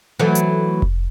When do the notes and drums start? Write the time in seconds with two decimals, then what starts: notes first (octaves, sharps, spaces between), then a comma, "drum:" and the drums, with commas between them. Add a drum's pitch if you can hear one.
0.19 E3 F#3 A3
0.35 drum: hi-hat
0.82 drum: kick F1